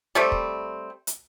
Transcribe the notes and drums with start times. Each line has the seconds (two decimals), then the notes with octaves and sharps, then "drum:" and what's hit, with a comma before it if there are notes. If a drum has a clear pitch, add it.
0.15 G3 A3 C4
0.32 drum: kick
1.07 drum: hi-hat